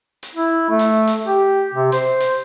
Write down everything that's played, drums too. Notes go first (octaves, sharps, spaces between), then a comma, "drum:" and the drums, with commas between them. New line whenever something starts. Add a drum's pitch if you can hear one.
drum: hi-hat
E4
A3
drum: hi-hat
drum: hi-hat
G4
C3
C5, drum: hi-hat
drum: hi-hat